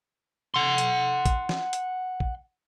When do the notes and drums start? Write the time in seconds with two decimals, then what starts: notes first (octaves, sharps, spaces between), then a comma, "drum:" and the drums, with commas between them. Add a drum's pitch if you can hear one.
0.54 F#5 C6
0.78 drum: hi-hat
1.26 drum: kick A#1, hi-hat
1.49 drum: snare
1.73 drum: hi-hat
2.20 drum: kick A#1